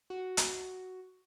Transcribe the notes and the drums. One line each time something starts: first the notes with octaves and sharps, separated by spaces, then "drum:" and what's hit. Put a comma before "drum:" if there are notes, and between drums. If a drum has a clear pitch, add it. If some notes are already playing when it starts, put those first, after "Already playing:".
F#4
drum: hi-hat